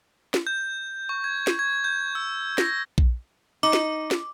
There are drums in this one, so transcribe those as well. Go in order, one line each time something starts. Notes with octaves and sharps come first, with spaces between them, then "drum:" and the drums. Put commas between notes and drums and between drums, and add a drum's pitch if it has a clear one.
drum: snare
G6
C#6
G#6
drum: snare
G#6
G6
E6
A#6, drum: snare
drum: kick A#1
D#4 D6
drum: snare
drum: snare